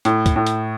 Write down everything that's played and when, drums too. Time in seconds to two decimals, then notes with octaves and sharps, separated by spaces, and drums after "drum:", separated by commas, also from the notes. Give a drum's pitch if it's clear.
0.05 A2, drum: hi-hat
0.26 drum: kick, hi-hat
0.36 A2
0.47 drum: hi-hat